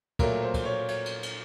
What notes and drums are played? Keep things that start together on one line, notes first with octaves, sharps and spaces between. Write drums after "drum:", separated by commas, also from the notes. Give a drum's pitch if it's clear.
A#2 F#3 A3 A#4, drum: kick, cymbal
C5
drum: kick, cymbal
C#5
C#5, drum: cymbal
drum: cymbal
drum: cymbal